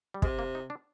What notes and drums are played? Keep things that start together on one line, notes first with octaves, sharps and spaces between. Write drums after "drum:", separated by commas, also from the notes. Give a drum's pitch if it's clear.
G3
C3 G#3, drum: kick
A#3
D#4
D4